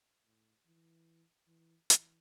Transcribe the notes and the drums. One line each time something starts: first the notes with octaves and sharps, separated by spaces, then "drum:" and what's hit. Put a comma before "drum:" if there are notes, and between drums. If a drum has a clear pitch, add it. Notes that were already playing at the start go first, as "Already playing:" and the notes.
A2
E3
E3
E3, drum: hi-hat